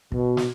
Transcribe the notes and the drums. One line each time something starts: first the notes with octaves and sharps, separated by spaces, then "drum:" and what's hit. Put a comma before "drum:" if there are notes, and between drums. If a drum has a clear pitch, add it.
B2, drum: kick
drum: snare